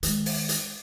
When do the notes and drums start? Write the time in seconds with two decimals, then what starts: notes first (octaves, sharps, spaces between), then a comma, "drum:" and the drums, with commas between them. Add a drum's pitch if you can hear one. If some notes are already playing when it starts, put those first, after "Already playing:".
0.03 D#3 G#3, drum: hi-hat
0.26 drum: open hi-hat
0.49 drum: hi-hat